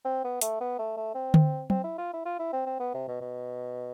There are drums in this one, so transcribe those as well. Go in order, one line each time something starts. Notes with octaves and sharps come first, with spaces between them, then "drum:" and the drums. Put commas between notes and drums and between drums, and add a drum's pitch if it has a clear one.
C4
B3
A3, drum: hi-hat
B3
A3
A3
C4
drum: tom D3
C4, drum: tom F#3
E4
F4
E4
F4
E4
C4
C4
B3
C3
B2
B2